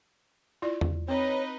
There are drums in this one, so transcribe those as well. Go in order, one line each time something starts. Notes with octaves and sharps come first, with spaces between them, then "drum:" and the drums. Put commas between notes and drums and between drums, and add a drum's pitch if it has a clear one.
E4 F4 D5
drum: tom E2
C4 D#4 B4 C#5 D#5